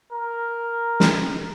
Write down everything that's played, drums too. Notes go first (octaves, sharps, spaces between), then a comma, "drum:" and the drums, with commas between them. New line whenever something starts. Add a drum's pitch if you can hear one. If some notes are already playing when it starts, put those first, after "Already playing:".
A#4
drum: snare